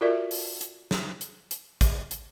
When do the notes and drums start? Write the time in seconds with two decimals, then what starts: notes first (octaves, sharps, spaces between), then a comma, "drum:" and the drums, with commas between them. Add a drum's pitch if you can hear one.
0.01 F4 F#4 A4 A#4 D5 E5
0.31 drum: open hi-hat
0.61 drum: hi-hat
0.91 drum: snare
1.21 drum: hi-hat
1.51 drum: hi-hat
1.81 drum: kick, hi-hat
2.11 drum: hi-hat